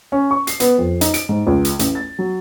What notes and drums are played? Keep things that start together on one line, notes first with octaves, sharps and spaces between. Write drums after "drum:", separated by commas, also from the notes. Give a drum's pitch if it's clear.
C#4
C#6
C7, drum: hi-hat
B3, drum: hi-hat
F2
D#4, drum: hi-hat
D7, drum: hi-hat
G#2
C#2
drum: hi-hat
A1, drum: hi-hat
A6
F#3